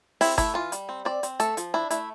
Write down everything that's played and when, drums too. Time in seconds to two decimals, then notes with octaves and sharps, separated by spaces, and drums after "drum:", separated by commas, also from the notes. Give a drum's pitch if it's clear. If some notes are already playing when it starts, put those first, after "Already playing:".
0.21 C4 E4, drum: open hi-hat
0.38 A3 E4, drum: kick G1, hi-hat
0.54 E3 F4
0.72 G3, drum: hi-hat
0.89 C4
1.05 C4 D5
1.23 C4, drum: hi-hat
1.40 A3 A4, drum: hi-hat
1.57 F3, drum: hi-hat
1.74 D4 E4
1.91 A3 E4, drum: hi-hat